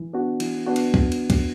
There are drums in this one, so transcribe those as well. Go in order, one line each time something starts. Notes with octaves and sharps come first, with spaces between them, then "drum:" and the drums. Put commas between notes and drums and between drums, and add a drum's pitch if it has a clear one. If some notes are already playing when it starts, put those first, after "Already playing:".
Already playing: E3
B3 D4 F#4
E3, drum: cymbal
B3 D4 F#4
drum: cymbal
drum: kick
drum: cymbal
drum: kick, cymbal